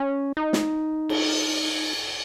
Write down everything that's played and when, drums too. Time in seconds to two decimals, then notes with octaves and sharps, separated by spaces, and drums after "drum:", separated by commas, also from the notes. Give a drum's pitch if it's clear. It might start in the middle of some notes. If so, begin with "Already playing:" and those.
Already playing: C#4
0.37 D#4
0.53 drum: snare
1.09 drum: cymbal